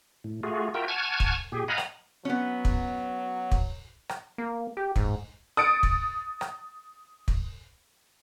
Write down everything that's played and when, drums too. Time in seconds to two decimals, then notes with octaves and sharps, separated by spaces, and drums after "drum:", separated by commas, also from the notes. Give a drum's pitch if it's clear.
0.24 A2
0.43 A3 F4 F#4 G#4
0.74 F4 F#4 A#4 E5 G5
0.88 F#5 G#5 A5 C#6 F6 G#6
1.20 drum: kick
1.52 A#2 G4 G#4
1.68 D#5 F5 F#5 G#5 A#5 B5
1.78 drum: rim click
2.25 F#3 B3 C#4
2.65 drum: kick
3.52 drum: kick
4.09 drum: rim click
4.38 A#3
4.77 G4
4.96 G#2, drum: kick
5.57 D#6 A6 C#7 D7
5.83 drum: kick
6.41 drum: rim click
7.28 drum: kick